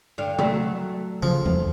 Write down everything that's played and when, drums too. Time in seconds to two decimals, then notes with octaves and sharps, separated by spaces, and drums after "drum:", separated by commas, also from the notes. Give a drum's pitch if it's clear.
0.18 G2 D3 F5
0.39 F#3 A3, drum: tom
1.23 C#3 F3
1.46 E2, drum: tom G3